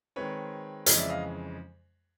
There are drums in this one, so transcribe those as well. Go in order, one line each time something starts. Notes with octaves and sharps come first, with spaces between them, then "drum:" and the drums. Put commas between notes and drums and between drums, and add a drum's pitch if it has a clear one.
D#3 G#3 C4 B4 C#5
F2 C#3 E3 G#3 C#5 D#5, drum: hi-hat
D5 E5
D#5 F5